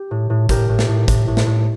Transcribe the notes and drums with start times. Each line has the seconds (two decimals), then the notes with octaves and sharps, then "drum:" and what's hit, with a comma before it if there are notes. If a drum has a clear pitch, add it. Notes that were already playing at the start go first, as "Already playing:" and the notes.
Already playing: G4
0.11 A2
0.30 A2
0.49 A2 G4 A#4, drum: kick G#1, hi-hat
0.69 A2
0.79 drum: snare
0.88 A2
1.08 A2, drum: kick G#1, hi-hat
1.28 A2
1.37 drum: snare
1.46 A2